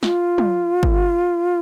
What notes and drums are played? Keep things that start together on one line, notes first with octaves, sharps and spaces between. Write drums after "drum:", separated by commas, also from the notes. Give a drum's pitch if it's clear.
F4, drum: snare
drum: tom
drum: kick